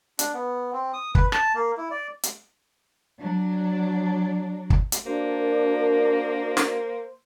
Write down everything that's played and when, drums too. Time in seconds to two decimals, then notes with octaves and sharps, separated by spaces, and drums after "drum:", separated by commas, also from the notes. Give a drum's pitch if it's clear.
0.19 D4, drum: hi-hat
0.34 B3
0.73 C4
0.93 D#6
1.15 B4, drum: kick
1.32 A5, drum: rim click
1.55 A#3
1.77 E4
1.91 D5
2.23 drum: hi-hat
3.19 F#3 D4
4.70 drum: kick
4.92 drum: hi-hat
5.06 A#3 D4 F#4 A#4 C5
6.57 drum: snare